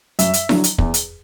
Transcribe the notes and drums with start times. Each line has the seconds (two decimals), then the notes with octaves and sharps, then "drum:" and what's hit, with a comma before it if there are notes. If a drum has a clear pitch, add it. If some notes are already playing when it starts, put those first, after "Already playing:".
0.19 F#2 E5, drum: hi-hat
0.33 drum: hi-hat
0.49 D3 F#3, drum: snare E4
0.64 drum: hi-hat
0.78 E2, drum: kick
0.94 drum: hi-hat